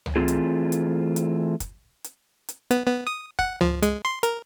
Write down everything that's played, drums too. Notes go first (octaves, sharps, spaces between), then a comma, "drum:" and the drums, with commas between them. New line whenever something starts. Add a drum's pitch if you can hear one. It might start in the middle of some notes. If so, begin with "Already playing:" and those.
drum: tom C#2
E3 A3 C4 F4 G#4
drum: hi-hat
drum: hi-hat
drum: hi-hat
drum: kick, hi-hat
drum: hi-hat
drum: hi-hat
B3, drum: hi-hat
B3
D#6
F#5, drum: kick
F3, drum: tom C#2
G#3, drum: hi-hat
C6
A#4, drum: hi-hat